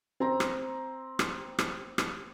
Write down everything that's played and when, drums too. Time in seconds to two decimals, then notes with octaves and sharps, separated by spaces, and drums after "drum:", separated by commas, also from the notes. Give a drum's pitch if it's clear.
0.20 C4 A#5
0.40 drum: rim click
1.19 drum: rim click
1.59 drum: rim click
1.98 drum: rim click